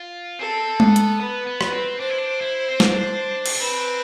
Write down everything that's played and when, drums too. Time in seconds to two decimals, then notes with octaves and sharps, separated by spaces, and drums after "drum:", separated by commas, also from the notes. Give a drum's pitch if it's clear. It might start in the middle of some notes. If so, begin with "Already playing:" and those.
Already playing: F4
0.39 C4 A4
0.80 B3, drum: tom G#3
0.96 drum: hi-hat
1.20 B3 B4
1.47 B3
1.61 B4, drum: rim click
1.73 C4
2.00 D4 C5
2.10 E4
2.18 D4
2.41 E4
2.68 C4
2.80 D4, drum: snare
3.46 drum: cymbal
3.56 D4
3.61 C4 B4